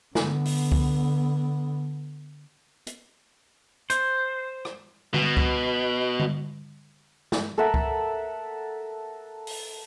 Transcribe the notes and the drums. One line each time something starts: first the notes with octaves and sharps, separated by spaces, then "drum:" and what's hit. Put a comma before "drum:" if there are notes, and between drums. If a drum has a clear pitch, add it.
D3 B3, drum: snare
drum: open hi-hat
drum: kick C#2
drum: hi-hat
C5, drum: hi-hat
drum: rim click
B2, drum: tom D3
drum: kick C#2
drum: tom D3
drum: snare
A4 A#4 E5 F#5
drum: kick C#2
drum: open hi-hat